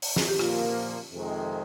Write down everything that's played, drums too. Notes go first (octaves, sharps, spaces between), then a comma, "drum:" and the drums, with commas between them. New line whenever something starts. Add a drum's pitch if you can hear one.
drum: open hi-hat
G#4, drum: snare
G4
A#2 F3 A#3 F4, drum: rim click
F2 C3 D#3 G#3